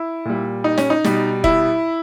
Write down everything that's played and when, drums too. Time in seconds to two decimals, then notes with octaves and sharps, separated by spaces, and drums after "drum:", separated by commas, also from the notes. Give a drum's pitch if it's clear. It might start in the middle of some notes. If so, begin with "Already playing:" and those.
Already playing: E4
0.25 A#2 G3
0.64 D#4
0.77 C#4, drum: snare
0.90 D#4
1.04 B2 G3, drum: snare
1.44 E4, drum: kick